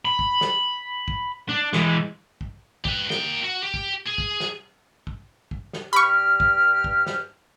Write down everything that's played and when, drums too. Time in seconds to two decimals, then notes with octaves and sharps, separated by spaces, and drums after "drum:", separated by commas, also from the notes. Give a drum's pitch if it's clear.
0.05 B5
0.19 drum: kick
0.41 drum: snare
1.08 drum: kick
1.49 D4
1.73 E3 G#3, drum: snare
2.41 drum: kick
2.85 G4 B4, drum: kick
3.10 A#3 G5, drum: snare
3.44 F#4
3.63 G4
3.74 drum: kick
4.07 G#4
4.18 drum: kick
4.40 drum: snare
5.07 drum: kick
5.51 drum: kick
5.73 drum: snare
5.93 G2 G4 B5 C#6 F6
6.40 drum: kick
6.84 drum: kick
7.07 drum: snare